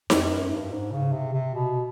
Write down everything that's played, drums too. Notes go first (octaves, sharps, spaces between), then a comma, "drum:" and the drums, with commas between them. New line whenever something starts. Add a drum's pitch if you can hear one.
F2, drum: snare D#4
F#2
G2
G#2
C#3
C3
C3
B2